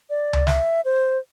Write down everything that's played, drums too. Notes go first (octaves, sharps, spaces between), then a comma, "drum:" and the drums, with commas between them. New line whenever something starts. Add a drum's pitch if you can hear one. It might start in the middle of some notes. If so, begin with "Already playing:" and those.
D5
drum: tom C#2
E5, drum: snare
C5